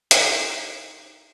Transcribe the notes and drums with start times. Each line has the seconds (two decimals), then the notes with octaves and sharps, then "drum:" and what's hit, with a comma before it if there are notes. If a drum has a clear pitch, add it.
0.11 D#4 E4 G4 A4 D#5 G5, drum: hi-hat